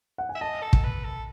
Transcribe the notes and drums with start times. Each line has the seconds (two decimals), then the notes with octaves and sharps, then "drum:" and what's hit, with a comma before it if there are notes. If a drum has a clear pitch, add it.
0.18 F#5
0.29 G#5
0.35 E5
0.41 D#5 A5
0.62 A4
0.73 drum: kick
0.84 B4
1.04 A4